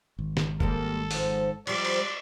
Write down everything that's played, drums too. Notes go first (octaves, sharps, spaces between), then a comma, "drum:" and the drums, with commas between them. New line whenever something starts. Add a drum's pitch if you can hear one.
G#1
drum: snare
G3 G#3 A#3 A4, drum: kick F1
G#2 F3, drum: open hi-hat
F3 G3 D5, drum: cymbal
drum: cymbal